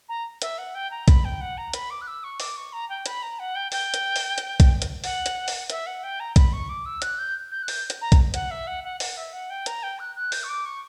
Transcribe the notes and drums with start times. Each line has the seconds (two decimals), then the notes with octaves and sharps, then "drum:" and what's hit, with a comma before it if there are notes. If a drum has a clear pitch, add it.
0.08 A#5
0.42 E5, drum: hi-hat
0.58 F#5
0.74 G5
0.91 A#5
1.08 B5, drum: kick, hi-hat
1.24 G5
1.41 F#5
1.57 A#5
1.74 B5, drum: hi-hat
1.90 D6
2.01 F#6
2.07 E6
2.23 C#6
2.40 D6, drum: open hi-hat
2.56 C#6
2.73 A#5
2.89 G5
3.06 B5, drum: hi-hat
3.22 A#5
3.39 F#5
3.55 G5
3.72 G5, drum: open hi-hat
3.94 drum: hi-hat
4.16 drum: open hi-hat
4.38 drum: hi-hat
4.60 drum: kick, hi-hat
4.82 drum: hi-hat
5.04 F#5, drum: open hi-hat
5.26 drum: hi-hat
5.48 drum: open hi-hat
5.70 E5, drum: hi-hat
5.86 F#5
6.03 G5
6.20 A#5
6.36 B5, drum: kick, hi-hat
6.52 C#6
6.69 D6
6.85 E6
7.02 F#6, drum: hi-hat
7.18 G6
7.51 G6
7.62 F#6
7.68 G6, drum: open hi-hat
7.90 drum: hi-hat
8.01 A#5
8.12 drum: kick, hi-hat
8.34 F#5, drum: hi-hat
8.50 E5
8.67 F#5
8.84 F#5
9.00 F#5, drum: open hi-hat
9.17 E5
9.33 F#5
9.50 G5
9.66 A#5, drum: hi-hat
9.83 G5
9.99 F#6
10.15 F#6
10.32 G6, drum: open hi-hat
10.43 C#6
10.48 D6
10.65 C#6